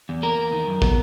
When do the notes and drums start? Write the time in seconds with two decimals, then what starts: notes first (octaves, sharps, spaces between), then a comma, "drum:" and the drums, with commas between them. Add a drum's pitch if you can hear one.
0.09 E2
0.22 A#3 A#4
0.38 E2
0.52 D#3
0.67 F#2
0.82 B3, drum: kick